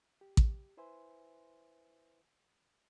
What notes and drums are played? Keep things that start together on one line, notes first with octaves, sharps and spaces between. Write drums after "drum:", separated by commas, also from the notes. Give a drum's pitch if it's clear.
G4
drum: kick A1
E4 B4 C5 E5 G#5 C6